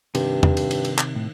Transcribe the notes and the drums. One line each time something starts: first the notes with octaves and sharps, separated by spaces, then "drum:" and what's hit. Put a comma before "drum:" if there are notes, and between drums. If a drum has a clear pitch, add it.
G2 C3 D#3, drum: cymbal
drum: tom E2
drum: cymbal
drum: cymbal
drum: cymbal
drum: clap
A2